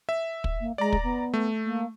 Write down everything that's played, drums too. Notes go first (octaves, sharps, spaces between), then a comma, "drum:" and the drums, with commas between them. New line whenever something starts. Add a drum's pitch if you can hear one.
E5
drum: kick
A#3
G#3 D5 A#5
drum: kick
B3
A3
A#3